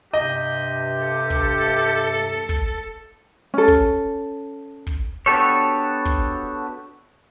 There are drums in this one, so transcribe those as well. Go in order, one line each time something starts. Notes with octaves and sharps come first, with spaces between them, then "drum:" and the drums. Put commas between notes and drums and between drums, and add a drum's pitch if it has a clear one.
G2 C3 G4 D#5
A4
drum: kick
drum: kick
C#4 A4
drum: kick
drum: kick
B3 D4 F#4 G4 A4 C#5
drum: kick